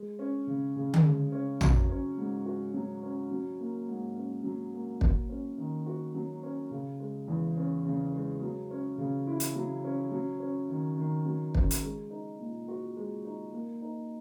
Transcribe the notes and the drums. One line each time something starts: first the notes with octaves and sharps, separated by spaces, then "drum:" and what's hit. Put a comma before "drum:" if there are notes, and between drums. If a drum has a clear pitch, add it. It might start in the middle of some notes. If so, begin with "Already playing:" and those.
Already playing: G#3
C#4
C#3
C#3
drum: tom D3
G#3
C#4
F#3, drum: tom A#1
C#4
G#2
F#4
F#3
C#4
F#3
A#3
G#2
C#4
F#3
A#3
F#3, drum: kick
C#4
D#3
F#4
F#3
C#4
C#3
G#3
E2
C#4
C#3
G#3
F#3
C#4
C#3
E4
drum: hi-hat
F#3
C#4
F#3
C#4
D#3
D#3
F#3
C#4, drum: kick
drum: hi-hat
G#3
D#4
A#2
F#4
G#3
D#4
A#3
D#4